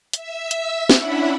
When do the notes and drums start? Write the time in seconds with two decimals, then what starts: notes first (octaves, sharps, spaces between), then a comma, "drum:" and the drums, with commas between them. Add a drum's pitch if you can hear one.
0.13 E5 E6, drum: hi-hat
0.51 drum: hi-hat
0.89 C#4 D4 E4 E5 F#5 B5, drum: snare